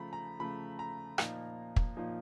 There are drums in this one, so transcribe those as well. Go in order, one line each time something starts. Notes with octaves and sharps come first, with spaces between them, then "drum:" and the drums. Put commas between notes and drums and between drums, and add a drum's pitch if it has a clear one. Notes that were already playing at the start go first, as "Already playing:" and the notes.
Already playing: C#3 F3 A3 A#5 B5
A#5
C#3 F3 A3 B5
A#5
A#2 F3 A#3 D#4, drum: rim click
drum: kick
A#2 F3 A#3 D#4